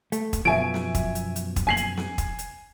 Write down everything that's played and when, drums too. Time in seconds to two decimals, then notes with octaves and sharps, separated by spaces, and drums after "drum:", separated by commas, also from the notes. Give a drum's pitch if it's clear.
0.12 A3, drum: hi-hat
0.33 drum: kick, hi-hat
0.45 F#2 B2 F3 E5 G#5 D7
0.74 drum: snare
0.95 drum: kick, hi-hat
1.15 drum: hi-hat
1.36 drum: hi-hat
1.56 drum: kick, hi-hat
1.67 G#5 C7 F#7
1.77 drum: hi-hat
1.97 drum: snare
2.18 drum: kick, hi-hat
2.39 drum: hi-hat